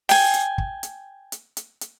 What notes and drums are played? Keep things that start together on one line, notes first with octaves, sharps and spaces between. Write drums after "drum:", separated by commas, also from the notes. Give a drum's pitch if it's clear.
G5 G#5, drum: open hi-hat
drum: hi-hat
drum: kick
drum: hi-hat
drum: hi-hat
drum: hi-hat
drum: hi-hat